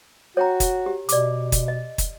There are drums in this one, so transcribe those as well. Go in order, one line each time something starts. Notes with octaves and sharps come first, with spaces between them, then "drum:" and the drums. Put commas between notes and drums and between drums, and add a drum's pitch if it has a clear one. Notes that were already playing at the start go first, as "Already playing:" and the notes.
F#4 C#5 G5 A#5
drum: kick, hi-hat
G4
B2 D5 D6, drum: hi-hat
drum: kick, hi-hat
D#5
drum: kick, hi-hat